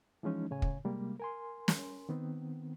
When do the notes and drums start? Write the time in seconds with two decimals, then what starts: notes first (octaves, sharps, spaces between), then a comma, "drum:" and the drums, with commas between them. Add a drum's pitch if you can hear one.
0.23 E3 F3 G#3 C#4 D#4
0.51 A2 C#3 C#5 G#5
0.62 drum: kick
0.85 C3 G3 G#3 A#3
1.20 A#4 G#5 C6
1.68 drum: snare
2.09 D#3 B3 C4